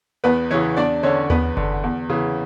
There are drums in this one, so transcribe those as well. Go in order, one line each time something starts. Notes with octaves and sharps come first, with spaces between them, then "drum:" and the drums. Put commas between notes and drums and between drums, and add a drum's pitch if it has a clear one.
E2 B3 B4
C#3 E3 C#4 C#5
E2 D4 D5
D3 C#4 C#5
E2 B3 B4, drum: tom D#2
D3, drum: kick F#1
E2
C#3 E3